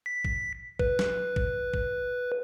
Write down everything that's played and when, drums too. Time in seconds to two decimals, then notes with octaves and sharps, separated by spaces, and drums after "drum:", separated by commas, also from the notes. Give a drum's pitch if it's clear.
0.06 B6
0.25 drum: kick
0.79 B4, drum: kick
0.99 drum: snare
1.36 drum: kick
1.74 drum: kick